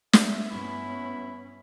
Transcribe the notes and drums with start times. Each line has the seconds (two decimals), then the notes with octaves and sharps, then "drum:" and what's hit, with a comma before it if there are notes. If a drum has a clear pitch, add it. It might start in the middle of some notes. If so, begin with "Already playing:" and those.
0.13 E5, drum: snare
0.50 G2 B3 C#4 E4 B5